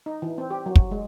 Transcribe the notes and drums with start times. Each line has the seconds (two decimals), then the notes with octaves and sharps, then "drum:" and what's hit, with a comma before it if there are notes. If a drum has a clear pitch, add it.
0.06 D#4
0.22 E3
0.38 C4
0.51 G4
0.66 F#3
0.76 drum: kick
0.91 G#3